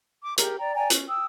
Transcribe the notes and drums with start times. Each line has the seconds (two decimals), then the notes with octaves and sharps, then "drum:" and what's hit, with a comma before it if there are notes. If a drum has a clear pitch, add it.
0.22 D6
0.38 G4 G#4 A#4, drum: hi-hat
0.58 D5 G5 A#5
0.75 D5 G5 G#5 A#5
0.90 C#4, drum: hi-hat
1.08 G5 D#6 E6